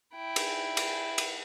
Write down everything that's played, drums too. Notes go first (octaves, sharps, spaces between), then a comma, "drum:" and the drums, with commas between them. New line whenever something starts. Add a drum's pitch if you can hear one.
E4 G5
drum: cymbal
drum: cymbal
drum: cymbal